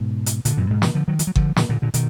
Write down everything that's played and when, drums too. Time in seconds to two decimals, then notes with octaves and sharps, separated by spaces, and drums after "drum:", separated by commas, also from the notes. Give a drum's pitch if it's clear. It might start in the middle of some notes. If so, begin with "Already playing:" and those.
Already playing: G#2 B2
0.26 drum: hi-hat
0.45 A#2 D3, drum: hi-hat
0.57 F#2 A#2
0.70 G#2 B2
0.82 B2 D#3, drum: snare
0.95 D3 F3
1.08 D#3 F#3
1.19 F3, drum: hi-hat
1.27 F#3
1.36 D3 F3, drum: kick G1
1.56 A#2 D3, drum: snare
1.69 A#2 D3
1.82 A#2 D3
1.94 B2 D#3, drum: hi-hat